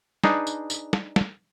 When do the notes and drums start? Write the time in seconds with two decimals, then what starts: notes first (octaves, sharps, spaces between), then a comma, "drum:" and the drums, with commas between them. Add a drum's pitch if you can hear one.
0.24 D4 D#4 G#4 B4, drum: snare
0.47 drum: tambourine
0.70 drum: tambourine
0.93 drum: snare
1.16 drum: snare